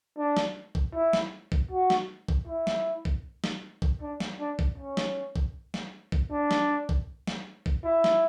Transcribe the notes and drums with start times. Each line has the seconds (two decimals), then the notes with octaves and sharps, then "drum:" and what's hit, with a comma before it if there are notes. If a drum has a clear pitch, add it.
0.18 D4
0.37 drum: snare
0.75 drum: kick A#1
0.94 E4
1.13 drum: snare
1.52 drum: kick A#1
1.71 F#4
1.90 drum: snare
2.28 drum: kick A#1
2.47 E4
2.67 drum: snare
3.05 drum: kick A#1
3.44 drum: snare
3.82 drum: kick A#1
4.02 D4
4.20 drum: snare
4.40 D4
4.59 drum: kick A#1
4.78 C#4
4.97 drum: snare
5.36 drum: kick A#1
5.74 drum: snare
6.12 drum: kick A#1
6.31 D4
6.51 drum: snare
6.89 drum: kick A#1
7.27 drum: snare
7.66 drum: kick A#1
7.84 E4
8.04 drum: snare